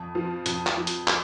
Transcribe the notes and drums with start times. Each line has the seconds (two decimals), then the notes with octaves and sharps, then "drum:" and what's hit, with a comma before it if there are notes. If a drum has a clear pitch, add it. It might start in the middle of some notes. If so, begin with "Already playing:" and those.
Already playing: F2
0.15 F3
0.46 F2, drum: hi-hat
0.67 drum: clap
0.77 F3
0.87 drum: hi-hat
1.08 drum: clap